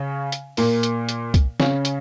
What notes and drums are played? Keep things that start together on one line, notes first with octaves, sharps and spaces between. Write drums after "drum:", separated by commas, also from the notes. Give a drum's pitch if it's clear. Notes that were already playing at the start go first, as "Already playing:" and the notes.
Already playing: C#3 C#4
drum: hi-hat
A#2 A#3, drum: open hi-hat
drum: hi-hat
drum: hi-hat
drum: kick C2, hi-hat
C#3 C#4, drum: snare C4
drum: hi-hat